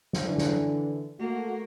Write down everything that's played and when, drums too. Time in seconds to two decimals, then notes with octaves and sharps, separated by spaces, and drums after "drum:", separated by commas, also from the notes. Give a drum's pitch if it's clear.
0.13 drum: snare
0.25 D3 E3
0.38 drum: snare
1.19 A3 A#3 F#4